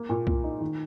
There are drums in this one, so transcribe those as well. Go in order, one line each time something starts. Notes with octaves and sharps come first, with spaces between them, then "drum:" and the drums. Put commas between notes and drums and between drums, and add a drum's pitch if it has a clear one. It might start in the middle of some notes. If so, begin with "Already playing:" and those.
Already playing: A#3
A#2
A#2, drum: kick
D#4
D#3